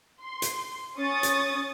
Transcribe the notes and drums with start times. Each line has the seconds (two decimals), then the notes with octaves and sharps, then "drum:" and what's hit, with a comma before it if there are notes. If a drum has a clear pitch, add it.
0.22 C6
0.42 drum: hi-hat
0.97 C#4 C#6 D#6 A6
1.23 drum: hi-hat